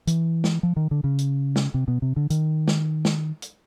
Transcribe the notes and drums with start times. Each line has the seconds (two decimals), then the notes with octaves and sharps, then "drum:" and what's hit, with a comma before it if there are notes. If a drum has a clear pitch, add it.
0.07 E3, drum: hi-hat
0.44 drum: snare
0.63 F3
0.76 D#3
0.91 D3
1.04 C#3
1.18 drum: hi-hat
1.56 drum: snare
1.74 C3
1.88 B2
2.02 C3
2.16 D3
2.30 D#3, drum: hi-hat
2.68 drum: snare
3.05 drum: snare
3.42 drum: hi-hat